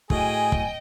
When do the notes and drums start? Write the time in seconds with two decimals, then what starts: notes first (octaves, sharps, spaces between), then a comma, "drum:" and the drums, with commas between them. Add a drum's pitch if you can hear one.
0.10 A2 F#4 G#4 D#5 G5 G#5, drum: kick
0.52 drum: kick